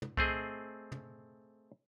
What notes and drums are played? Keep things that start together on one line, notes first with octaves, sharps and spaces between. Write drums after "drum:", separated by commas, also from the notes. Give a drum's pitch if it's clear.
drum: tom
A3 C4 G#4 D#5, drum: kick C2
drum: tom